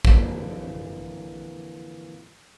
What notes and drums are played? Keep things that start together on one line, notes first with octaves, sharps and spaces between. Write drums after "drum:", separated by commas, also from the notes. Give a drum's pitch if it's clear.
F2 A#2 D3 E3, drum: kick